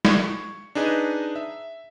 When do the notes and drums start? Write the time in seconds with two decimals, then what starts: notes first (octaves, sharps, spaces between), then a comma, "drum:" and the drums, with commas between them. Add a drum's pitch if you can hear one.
0.05 C#6 G#6, drum: snare
0.75 D4 D#4 G#4 B4 D#5
1.36 E5